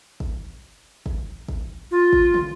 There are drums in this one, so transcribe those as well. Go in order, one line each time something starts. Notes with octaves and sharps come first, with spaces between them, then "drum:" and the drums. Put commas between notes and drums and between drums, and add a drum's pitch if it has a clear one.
drum: kick
drum: kick
drum: kick
F4
drum: kick
drum: tom